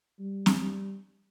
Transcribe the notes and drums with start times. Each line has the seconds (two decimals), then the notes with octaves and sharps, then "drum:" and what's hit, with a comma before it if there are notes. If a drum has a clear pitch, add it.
0.19 G3
0.46 drum: snare C4
0.61 G3